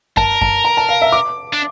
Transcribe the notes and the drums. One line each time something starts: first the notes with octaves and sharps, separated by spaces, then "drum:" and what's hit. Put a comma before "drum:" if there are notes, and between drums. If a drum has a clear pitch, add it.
A#4 A5, drum: kick F#2
A5, drum: kick F#2
A#5
A5
F5
E5
D6
D4